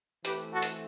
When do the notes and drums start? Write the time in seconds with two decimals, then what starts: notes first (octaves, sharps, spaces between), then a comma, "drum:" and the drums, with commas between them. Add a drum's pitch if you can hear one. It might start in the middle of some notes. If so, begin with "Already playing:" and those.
0.25 E3 A3 C4 G4 B4, drum: hi-hat
0.53 F#4 A4
0.62 drum: hi-hat